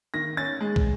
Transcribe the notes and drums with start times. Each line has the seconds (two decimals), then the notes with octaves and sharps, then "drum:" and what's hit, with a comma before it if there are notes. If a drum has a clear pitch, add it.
0.14 D#3 A#6
0.37 C#4 A6
0.61 G#3
0.76 drum: kick